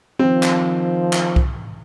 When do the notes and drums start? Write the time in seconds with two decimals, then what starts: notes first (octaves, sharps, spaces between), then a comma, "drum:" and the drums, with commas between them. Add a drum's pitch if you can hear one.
0.19 D#3 F3 C4
0.43 drum: clap
1.13 drum: clap
1.36 drum: kick C2